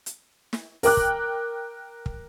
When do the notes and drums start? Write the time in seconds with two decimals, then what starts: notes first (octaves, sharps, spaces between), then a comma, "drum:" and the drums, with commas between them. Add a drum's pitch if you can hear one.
0.06 drum: hi-hat
0.53 drum: snare
0.83 A#4 G5 D6 F#6, drum: open hi-hat
0.97 drum: kick
2.06 drum: kick